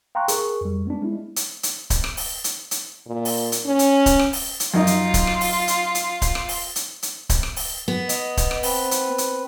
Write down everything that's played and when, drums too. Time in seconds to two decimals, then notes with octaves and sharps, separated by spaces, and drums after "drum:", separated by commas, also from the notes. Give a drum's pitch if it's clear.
0.15 F5 G5 A#5 C6 C#6 F#6
0.28 G#4 A#4 C#6, drum: hi-hat
0.61 F2 G3
0.86 G#3 B3 C4 D4
1.02 G#3 E4
1.36 drum: hi-hat
1.63 drum: hi-hat
1.90 drum: kick D1, hi-hat
2.04 drum: rim click
2.17 drum: open hi-hat
2.44 drum: hi-hat
2.71 drum: hi-hat
3.07 A#2
3.25 drum: open hi-hat
3.52 drum: hi-hat
3.66 C#4
3.79 drum: hi-hat
4.06 drum: kick D1, hi-hat
4.19 drum: rim click
4.33 drum: open hi-hat
4.60 drum: hi-hat
4.74 F#2 D#4 F4 D#5
4.87 drum: hi-hat
5.14 drum: kick D1, hi-hat
5.27 drum: rim click
5.41 drum: open hi-hat
5.68 drum: hi-hat
5.95 drum: hi-hat
6.22 drum: kick D1, hi-hat
6.35 drum: rim click
6.49 drum: open hi-hat
6.76 drum: hi-hat
7.03 drum: hi-hat
7.29 drum: kick D1, hi-hat
7.43 drum: rim click
7.56 drum: open hi-hat
7.88 B3
8.09 D#5, drum: hi-hat
8.37 drum: kick D1, hi-hat
8.51 drum: rim click
8.63 C4 B4, drum: open hi-hat
8.91 drum: hi-hat
9.18 drum: hi-hat